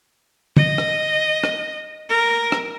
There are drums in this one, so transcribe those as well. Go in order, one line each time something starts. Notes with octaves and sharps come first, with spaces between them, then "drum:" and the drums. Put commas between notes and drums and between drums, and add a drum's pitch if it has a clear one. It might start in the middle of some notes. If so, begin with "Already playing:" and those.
D#5, drum: tom
drum: rim click
drum: rim click
A#4
drum: rim click